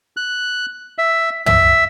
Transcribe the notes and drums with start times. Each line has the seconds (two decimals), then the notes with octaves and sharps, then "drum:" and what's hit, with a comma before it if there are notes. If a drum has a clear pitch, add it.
0.17 F#6
0.98 E5
1.46 E5, drum: tom